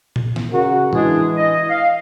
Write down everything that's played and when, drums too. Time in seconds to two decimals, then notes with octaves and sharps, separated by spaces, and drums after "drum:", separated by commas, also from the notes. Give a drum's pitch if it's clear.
0.16 drum: tom A#2
0.36 drum: snare
0.51 C#3 F#4 A#4
0.93 E3 G#3 D4 G#4, drum: tom A2
1.36 D#5
1.69 F5